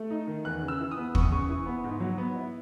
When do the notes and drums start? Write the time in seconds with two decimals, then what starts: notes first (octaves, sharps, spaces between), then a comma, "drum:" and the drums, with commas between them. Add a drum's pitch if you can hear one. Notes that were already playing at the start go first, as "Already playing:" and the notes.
Already playing: A3
0.10 D#4
0.27 D#3
0.45 E2 F#6
0.63 C#3
0.68 E6
0.80 E3
0.91 D#6
0.97 B3
1.15 E2 C#6, drum: kick
1.23 D#6
1.32 C#3 C#6
1.49 E3
1.66 B3
1.84 G#2
2.00 F#3
2.18 B3
2.36 E4